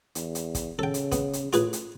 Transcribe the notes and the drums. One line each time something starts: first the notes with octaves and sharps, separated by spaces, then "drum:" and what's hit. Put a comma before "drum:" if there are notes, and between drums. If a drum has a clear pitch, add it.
E2, drum: hi-hat
drum: hi-hat
drum: kick, hi-hat
C#3 A4 G5
drum: hi-hat
B3, drum: kick, hi-hat
drum: hi-hat
A2 F4 G#4 B4, drum: hi-hat
drum: hi-hat